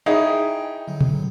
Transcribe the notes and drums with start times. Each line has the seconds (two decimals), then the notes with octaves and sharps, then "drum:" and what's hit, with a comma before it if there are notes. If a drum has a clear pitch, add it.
0.06 D#4 E4 G#4 C#5 F5 G5
0.88 D3 F#3
1.01 drum: tom B2